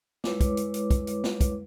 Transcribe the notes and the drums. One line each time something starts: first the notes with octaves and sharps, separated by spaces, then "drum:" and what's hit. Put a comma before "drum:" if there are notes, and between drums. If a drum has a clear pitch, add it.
G#3 E4 B4 C#5 D6, drum: snare
drum: kick, hi-hat
drum: hi-hat
drum: hi-hat
drum: kick, hi-hat
drum: hi-hat
drum: snare
drum: kick, hi-hat